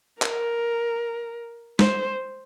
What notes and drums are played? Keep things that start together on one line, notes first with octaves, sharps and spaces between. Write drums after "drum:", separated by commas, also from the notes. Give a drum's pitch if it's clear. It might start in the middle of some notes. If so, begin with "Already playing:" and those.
A#4, drum: clap
C5, drum: snare G#3